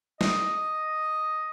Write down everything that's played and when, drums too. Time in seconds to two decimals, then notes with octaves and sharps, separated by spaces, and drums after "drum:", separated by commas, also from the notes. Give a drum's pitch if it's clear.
0.21 D#5, drum: snare